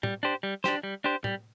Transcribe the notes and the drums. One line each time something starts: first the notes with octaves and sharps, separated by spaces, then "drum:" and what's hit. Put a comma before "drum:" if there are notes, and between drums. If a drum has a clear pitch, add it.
G3, drum: tom A2
D4 G4 C5
G3
D4 G4 C5, drum: snare
G3
D4 G4 C5
G3, drum: tom A2